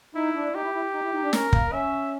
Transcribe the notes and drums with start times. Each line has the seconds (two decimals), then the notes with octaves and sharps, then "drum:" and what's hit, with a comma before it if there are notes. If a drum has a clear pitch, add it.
0.15 D#4 E4
0.35 D4
0.54 D#4 G4
0.64 E4
0.74 E4
0.93 D#4
1.03 E4
1.13 D#4
1.23 D4
1.33 C#4 A#4, drum: snare
1.53 A#3, drum: kick
1.72 C#4 E5